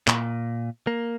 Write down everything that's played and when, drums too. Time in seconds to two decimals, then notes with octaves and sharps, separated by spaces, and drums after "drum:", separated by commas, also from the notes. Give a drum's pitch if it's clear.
0.08 A#2, drum: clap
0.87 A#3